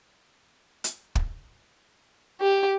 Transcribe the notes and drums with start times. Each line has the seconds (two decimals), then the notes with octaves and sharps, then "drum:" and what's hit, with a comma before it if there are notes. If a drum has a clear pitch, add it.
0.84 drum: hi-hat
1.15 drum: kick
2.41 G4